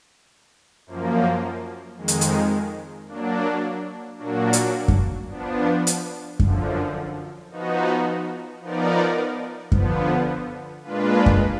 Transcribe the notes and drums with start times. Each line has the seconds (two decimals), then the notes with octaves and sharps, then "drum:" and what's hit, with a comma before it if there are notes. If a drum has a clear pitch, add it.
0.86 F#2 F3 A#3
1.97 F2 D#3 G#3
2.08 drum: hi-hat
2.21 drum: hi-hat
3.08 F#3 A#3 D4
4.18 A#2 F#3 A#3 D4 F#4
4.53 drum: hi-hat
4.88 drum: kick F#2
5.29 F3 B3 D4
5.87 drum: hi-hat
6.40 F#2 D3 F3, drum: kick F#2
7.51 F3 B3 D#4 F#4
8.61 F3 B3 D#4 A#4 D5
9.72 D3 F3 B3, drum: kick F#2
10.83 A#2 G#3 D4 F4 B4
11.26 drum: kick F#2